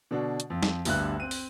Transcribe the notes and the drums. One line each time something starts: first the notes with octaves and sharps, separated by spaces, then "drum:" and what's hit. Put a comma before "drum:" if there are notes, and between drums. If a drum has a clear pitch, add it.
B2 D3 D4 F#4
drum: hi-hat
F2
drum: snare
G1 D2 G2 E5 F#6, drum: open hi-hat
C4 D#7
drum: open hi-hat